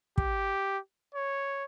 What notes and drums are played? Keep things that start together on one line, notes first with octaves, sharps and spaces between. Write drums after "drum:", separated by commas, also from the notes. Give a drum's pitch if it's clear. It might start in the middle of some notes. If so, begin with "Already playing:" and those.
G4, drum: kick
C#5